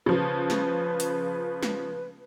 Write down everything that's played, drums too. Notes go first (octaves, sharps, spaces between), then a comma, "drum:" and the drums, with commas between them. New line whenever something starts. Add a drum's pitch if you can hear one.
C#3 F3 B4
drum: snare
drum: hi-hat
drum: snare